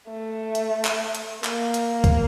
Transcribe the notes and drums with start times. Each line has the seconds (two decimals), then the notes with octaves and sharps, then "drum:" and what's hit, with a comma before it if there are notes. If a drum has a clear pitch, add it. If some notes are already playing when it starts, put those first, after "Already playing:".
0.10 A3
0.55 drum: hi-hat
0.85 drum: clap
1.15 drum: hi-hat
1.44 A#3, drum: clap
1.74 drum: hi-hat
2.04 drum: kick C#2, hi-hat